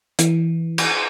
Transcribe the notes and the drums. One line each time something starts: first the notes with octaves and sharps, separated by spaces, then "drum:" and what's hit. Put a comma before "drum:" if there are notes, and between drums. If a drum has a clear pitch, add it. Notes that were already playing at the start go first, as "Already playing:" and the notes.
E3, drum: hi-hat
drum: cymbal